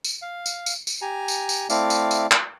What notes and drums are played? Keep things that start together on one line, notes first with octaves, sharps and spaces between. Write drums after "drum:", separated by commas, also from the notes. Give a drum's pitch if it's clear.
drum: tambourine
F5
drum: tambourine
drum: tambourine
drum: tambourine
G4 G#5 A#5
drum: tambourine
drum: tambourine
A3 C4 E4 D5 F5, drum: tambourine
drum: tambourine
drum: tambourine
drum: clap